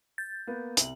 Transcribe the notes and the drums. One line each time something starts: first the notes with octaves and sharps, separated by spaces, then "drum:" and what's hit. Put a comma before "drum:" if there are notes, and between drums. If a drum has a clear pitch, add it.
G6 A6
A#3 B3
C2 F#7, drum: hi-hat